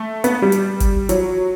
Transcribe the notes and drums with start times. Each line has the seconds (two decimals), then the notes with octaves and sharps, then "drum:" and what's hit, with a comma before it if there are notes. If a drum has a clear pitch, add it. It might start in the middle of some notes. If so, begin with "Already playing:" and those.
Already playing: A3
0.24 B3, drum: hi-hat
0.42 G3
0.52 drum: hi-hat
0.80 drum: kick G1, hi-hat
1.09 F#3, drum: hi-hat